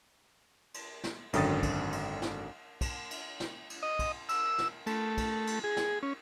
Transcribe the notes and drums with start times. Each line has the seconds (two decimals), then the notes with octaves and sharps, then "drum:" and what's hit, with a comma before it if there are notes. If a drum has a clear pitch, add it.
0.74 drum: cymbal
1.04 drum: snare
1.33 G#1 F#2 D3 G5 D#6 A6, drum: cymbal
1.63 drum: kick, cymbal
1.92 drum: cymbal
2.22 drum: snare
2.81 drum: kick, cymbal
3.11 drum: cymbal
3.40 drum: snare
3.70 drum: cymbal
3.83 D#5
3.99 drum: kick, cymbal
4.29 E6, drum: cymbal
4.58 drum: snare
4.86 A3, drum: cymbal
5.17 drum: kick, cymbal
5.47 drum: cymbal
5.64 G#4
5.77 drum: snare
6.03 C#4